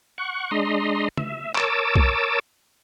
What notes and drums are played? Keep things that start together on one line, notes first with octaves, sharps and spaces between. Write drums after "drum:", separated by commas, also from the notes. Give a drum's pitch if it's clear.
F#5 C#6
G#3 D4 D#5 A#5 C6
E5, drum: tom
A#4 C#5 A5 D6 E6, drum: clap
drum: kick